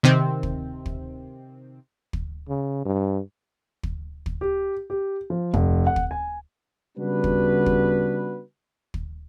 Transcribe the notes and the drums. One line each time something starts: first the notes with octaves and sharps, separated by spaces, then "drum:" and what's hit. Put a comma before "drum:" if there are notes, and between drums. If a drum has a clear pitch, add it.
C3 D#3 C4
drum: kick
drum: kick
drum: kick
C#3
G2
drum: kick
drum: kick
G4
G4
F3
F1, drum: kick
F#5
drum: kick
G#5
C#3 G3 B3 D4 F#4 B4
drum: kick
drum: kick
drum: kick